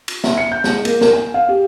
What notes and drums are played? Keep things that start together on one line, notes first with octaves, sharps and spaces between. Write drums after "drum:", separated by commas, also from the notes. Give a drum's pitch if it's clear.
drum: cymbal
E5, drum: snare
C#7
G6
G#3, drum: snare
A#3, drum: cymbal
A#4, drum: snare
G#5
F5
G4